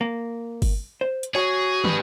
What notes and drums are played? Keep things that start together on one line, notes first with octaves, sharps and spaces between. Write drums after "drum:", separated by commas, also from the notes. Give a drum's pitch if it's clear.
A#3
drum: kick G1, open hi-hat
C5
drum: hi-hat
F#4 G#4 C#5 G#5
G4 B4, drum: tom